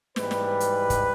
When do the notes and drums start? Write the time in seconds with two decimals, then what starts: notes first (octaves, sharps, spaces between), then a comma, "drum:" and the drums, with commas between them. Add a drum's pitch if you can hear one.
0.16 G#2 E3 G3 B4, drum: snare
0.31 drum: snare
0.60 drum: hi-hat
0.90 drum: kick, hi-hat